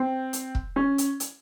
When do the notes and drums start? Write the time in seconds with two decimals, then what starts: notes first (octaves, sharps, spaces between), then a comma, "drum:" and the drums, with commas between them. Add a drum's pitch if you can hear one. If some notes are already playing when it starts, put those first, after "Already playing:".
Already playing: C4
0.33 drum: hi-hat
0.55 drum: kick
0.76 C#4
0.98 drum: hi-hat
1.20 drum: hi-hat